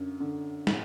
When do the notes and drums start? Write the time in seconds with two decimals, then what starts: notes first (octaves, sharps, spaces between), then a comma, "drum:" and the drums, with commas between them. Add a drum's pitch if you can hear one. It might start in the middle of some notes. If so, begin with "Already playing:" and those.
Already playing: F#2 D3
0.20 D3
0.67 A2, drum: snare